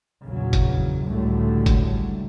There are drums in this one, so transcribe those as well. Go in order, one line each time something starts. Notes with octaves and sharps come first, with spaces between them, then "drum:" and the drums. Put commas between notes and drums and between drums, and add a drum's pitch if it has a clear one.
A#1 E2 C#3 F#3
drum: kick G1, hi-hat
C#2 A2 D3 F#3 G3 A3
drum: kick G1, hi-hat